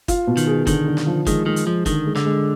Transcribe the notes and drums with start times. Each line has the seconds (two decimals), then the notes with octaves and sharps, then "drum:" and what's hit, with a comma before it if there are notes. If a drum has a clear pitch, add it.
0.08 F4, drum: kick, hi-hat
0.27 B2
0.37 D#3, drum: hi-hat
0.47 G#4
0.67 D3 D#3, drum: kick, hi-hat
0.87 D3
0.97 drum: snare
1.07 F3
1.26 D#3 G#3, drum: kick, hi-hat
1.46 D#3 G#3
1.56 drum: hi-hat
1.66 F3 G#3
1.86 D3 D#3, drum: kick, hi-hat
2.06 G#3
2.16 D3, drum: snare
2.25 G#3